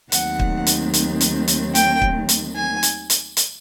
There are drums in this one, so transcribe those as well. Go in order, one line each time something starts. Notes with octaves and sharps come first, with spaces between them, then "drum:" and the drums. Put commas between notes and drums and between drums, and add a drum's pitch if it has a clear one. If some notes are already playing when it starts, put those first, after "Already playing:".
D#2 D#3 F#3 A3 C4 F#5, drum: hi-hat
drum: kick
drum: hi-hat
drum: hi-hat
drum: hi-hat
drum: hi-hat
G5, drum: hi-hat
drum: kick
drum: hi-hat
G#5
drum: hi-hat
drum: hi-hat
drum: hi-hat